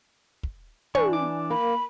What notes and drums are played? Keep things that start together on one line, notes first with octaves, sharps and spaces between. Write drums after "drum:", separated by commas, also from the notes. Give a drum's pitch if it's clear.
drum: kick
E3 D4 D5 G#5 C#6, drum: tom
D6
A#3 A#4 B5